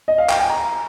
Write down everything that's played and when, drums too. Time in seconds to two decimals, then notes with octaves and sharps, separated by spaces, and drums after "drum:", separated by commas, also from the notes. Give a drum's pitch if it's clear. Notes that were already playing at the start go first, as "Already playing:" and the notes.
0.08 D#5
0.18 F5
0.29 G5, drum: clap
0.39 G#5
0.50 A#5